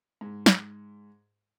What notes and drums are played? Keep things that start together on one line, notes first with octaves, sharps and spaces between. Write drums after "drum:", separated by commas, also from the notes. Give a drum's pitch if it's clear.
G#2
drum: snare